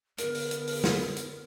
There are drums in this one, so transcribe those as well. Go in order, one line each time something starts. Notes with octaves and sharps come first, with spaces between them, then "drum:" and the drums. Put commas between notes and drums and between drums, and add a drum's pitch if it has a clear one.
D3 B3 A#4, drum: hi-hat
drum: open hi-hat
drum: hi-hat
drum: open hi-hat
drum: snare
drum: hi-hat